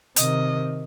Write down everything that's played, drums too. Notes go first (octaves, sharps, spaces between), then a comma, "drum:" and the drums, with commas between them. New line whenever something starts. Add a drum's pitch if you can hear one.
C3 D#3 D#5, drum: hi-hat